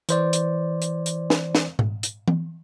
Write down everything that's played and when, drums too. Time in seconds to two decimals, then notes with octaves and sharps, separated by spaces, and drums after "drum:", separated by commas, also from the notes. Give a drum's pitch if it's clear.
0.09 E3 C5 D5, drum: hi-hat
0.33 drum: hi-hat
0.82 drum: hi-hat
1.06 drum: hi-hat
1.30 drum: snare
1.55 drum: snare
1.79 drum: tom G#2
2.03 drum: hi-hat
2.28 drum: tom E3